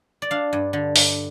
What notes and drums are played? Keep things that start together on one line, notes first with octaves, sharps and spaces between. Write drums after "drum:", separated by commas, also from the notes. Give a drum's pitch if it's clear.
D5
D4 F5
G2
D3
G2, drum: open hi-hat